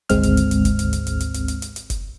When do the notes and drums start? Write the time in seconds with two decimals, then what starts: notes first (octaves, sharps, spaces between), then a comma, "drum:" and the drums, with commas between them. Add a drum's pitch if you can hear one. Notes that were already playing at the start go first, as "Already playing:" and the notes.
0.09 G#1 D2 G#3 C4 F6, drum: hi-hat
0.23 drum: hi-hat
0.37 drum: hi-hat
0.51 drum: hi-hat
0.65 drum: kick F#1, hi-hat
0.79 drum: hi-hat
0.93 drum: hi-hat
1.07 drum: hi-hat
1.20 drum: hi-hat
1.34 drum: hi-hat
1.48 drum: hi-hat
1.62 drum: hi-hat
1.76 drum: hi-hat
1.90 drum: kick F#1, hi-hat